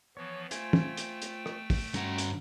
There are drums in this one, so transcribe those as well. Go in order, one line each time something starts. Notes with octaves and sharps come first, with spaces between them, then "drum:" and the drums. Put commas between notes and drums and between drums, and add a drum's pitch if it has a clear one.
E3 F3 B3 C#5
A3 F4 C5 G5 G#5, drum: hi-hat
drum: tom
drum: hi-hat
drum: hi-hat
drum: rim click
drum: kick, open hi-hat
G2 C#4 F#4 F#5 A#5, drum: hi-hat
drum: hi-hat